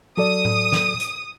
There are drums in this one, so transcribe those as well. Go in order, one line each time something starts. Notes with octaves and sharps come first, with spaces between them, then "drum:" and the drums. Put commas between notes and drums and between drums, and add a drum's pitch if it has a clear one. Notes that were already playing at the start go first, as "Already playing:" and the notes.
F#3 A4 D5 D#6
drum: tom A2
drum: snare
drum: hi-hat